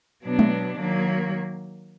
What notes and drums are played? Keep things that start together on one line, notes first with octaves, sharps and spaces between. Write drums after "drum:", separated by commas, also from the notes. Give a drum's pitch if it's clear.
B2 F#3 B3 D4
drum: tom G#3
D#3 F#3 A#3